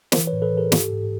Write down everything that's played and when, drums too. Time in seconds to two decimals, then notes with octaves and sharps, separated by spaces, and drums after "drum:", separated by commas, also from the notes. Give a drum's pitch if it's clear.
0.12 E3 A#4 C5, drum: snare
0.27 B4 C#5
0.33 A2
0.42 A4 B4
0.53 E3 G#4 A#4
0.72 G#2 G4 A4, drum: snare
0.92 G#2